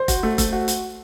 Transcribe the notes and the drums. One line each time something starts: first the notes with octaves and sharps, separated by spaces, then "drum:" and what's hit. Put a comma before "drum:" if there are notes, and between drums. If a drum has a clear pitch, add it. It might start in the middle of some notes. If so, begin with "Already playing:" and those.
Already playing: C5
F#4, drum: kick F1, hi-hat
A3
A3, drum: kick F1, hi-hat
F#4
drum: hi-hat